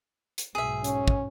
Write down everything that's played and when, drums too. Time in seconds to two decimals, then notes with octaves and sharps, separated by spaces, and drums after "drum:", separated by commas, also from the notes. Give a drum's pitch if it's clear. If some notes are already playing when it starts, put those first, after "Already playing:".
0.38 drum: hi-hat
0.55 B1 G#2 G#4 E5
0.84 C#4, drum: hi-hat
1.08 drum: kick